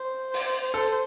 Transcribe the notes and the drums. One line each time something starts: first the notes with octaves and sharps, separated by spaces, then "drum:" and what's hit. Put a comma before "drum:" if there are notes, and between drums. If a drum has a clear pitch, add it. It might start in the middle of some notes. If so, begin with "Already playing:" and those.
Already playing: C5
drum: open hi-hat
A4